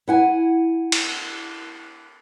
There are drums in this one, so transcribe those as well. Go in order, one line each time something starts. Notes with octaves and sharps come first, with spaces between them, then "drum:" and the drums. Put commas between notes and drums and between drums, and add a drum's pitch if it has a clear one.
E4 F#5 G#5
drum: cymbal